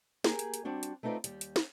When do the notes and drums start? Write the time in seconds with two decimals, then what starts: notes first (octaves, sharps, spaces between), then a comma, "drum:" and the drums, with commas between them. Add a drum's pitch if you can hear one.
0.24 A#3 G4 G#4 G#5, drum: snare
0.39 drum: hi-hat
0.54 drum: hi-hat
0.65 G3 C4 D4 F#4
0.83 drum: hi-hat
1.03 A3 C4 D#4 F4 B4 D5
1.24 D#2 G3, drum: hi-hat
1.41 drum: hi-hat
1.56 drum: snare